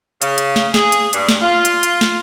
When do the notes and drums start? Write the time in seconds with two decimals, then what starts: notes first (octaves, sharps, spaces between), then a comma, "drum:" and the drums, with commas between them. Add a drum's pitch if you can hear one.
0.22 C#3, drum: hi-hat
0.38 drum: hi-hat
0.56 drum: snare
0.74 G#4, drum: snare
0.92 drum: hi-hat
1.13 G2, drum: hi-hat
1.29 drum: snare
1.42 F4
1.65 drum: hi-hat
1.83 drum: hi-hat
2.01 drum: snare